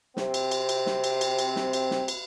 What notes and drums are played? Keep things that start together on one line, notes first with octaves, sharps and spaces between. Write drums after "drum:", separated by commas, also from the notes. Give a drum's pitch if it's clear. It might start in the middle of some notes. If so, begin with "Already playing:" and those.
C3 C4, drum: snare
drum: cymbal
drum: cymbal
drum: cymbal
drum: snare
drum: cymbal
drum: cymbal
drum: cymbal
drum: snare
drum: cymbal
drum: snare
drum: cymbal